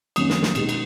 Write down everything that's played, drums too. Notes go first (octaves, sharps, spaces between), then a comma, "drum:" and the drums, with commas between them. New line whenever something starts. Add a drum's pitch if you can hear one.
F#2 D#3 A#3 C#4 D#6, drum: cymbal
drum: snare
drum: snare
B2 G#3 D#4, drum: cymbal
drum: cymbal